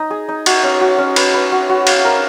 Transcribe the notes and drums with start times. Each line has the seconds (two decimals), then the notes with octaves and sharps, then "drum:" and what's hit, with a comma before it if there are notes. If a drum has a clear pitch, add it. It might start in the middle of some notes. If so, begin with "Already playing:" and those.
Already playing: D#4 D#5
0.11 G#4
0.29 D#4
0.46 F#4, drum: cymbal
0.64 C#4
0.81 F#4
0.98 C#4
1.16 B4, drum: cymbal
1.34 B4
1.52 F#4
1.70 F#4
1.87 F5, drum: cymbal
2.05 A#4